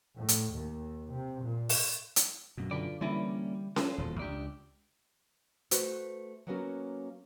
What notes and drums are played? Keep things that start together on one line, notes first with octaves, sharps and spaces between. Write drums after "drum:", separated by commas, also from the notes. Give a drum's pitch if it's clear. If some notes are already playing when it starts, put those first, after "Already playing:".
A2
drum: hi-hat
D#2
C3
A#2
drum: open hi-hat
drum: hi-hat
F#2 B2
D3 F4 B4 D5
D3 E3 G3 A#3 C#4 E4 D5
F4 A4 C5, drum: snare C#4
D#1 E2 B2
C#2 D4 G4 D5
A3 F#4 B4 C5, drum: hi-hat
F#3 A#3 B3 C#4 F#4 A#4